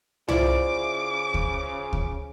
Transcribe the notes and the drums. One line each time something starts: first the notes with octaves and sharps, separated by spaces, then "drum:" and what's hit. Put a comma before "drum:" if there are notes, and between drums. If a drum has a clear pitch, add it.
C#3 E4 F4 C5 D5 D6, drum: tom C2
drum: kick D2
drum: kick D2